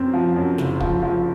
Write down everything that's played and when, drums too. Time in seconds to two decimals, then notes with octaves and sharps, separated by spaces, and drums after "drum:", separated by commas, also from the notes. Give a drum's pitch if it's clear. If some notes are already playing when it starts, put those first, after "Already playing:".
Already playing: F#2 C4
0.14 F3
0.36 F#2
0.58 F#1, drum: snare
0.80 F3, drum: kick
1.03 F3